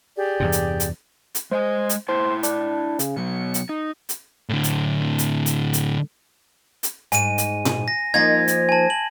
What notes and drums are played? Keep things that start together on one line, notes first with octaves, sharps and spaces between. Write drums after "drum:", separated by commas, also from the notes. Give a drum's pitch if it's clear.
G4 G#4 D5
E2 G2 C3
drum: hi-hat
drum: hi-hat
drum: hi-hat
G#3 C5 D#5 G#5
drum: hi-hat
E4 C5 G5 A5
D4, drum: hi-hat
C#3, drum: hi-hat
B2 F#3 B3 C#7
drum: hi-hat
D#4
drum: hi-hat
A2 D3
drum: hi-hat
drum: hi-hat
drum: hi-hat
drum: hi-hat
drum: hi-hat
G#2 G#5 D#7, drum: hi-hat
drum: hi-hat
drum: tom A#2
A#6
F3 A#3 D#4 G#6 A#6
drum: hi-hat
G#5 A5
F#7